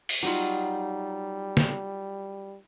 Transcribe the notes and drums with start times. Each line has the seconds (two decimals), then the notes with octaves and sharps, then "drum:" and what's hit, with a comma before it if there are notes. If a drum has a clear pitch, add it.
0.09 drum: open hi-hat
0.23 F#3 G3 D#4 F4
1.57 drum: snare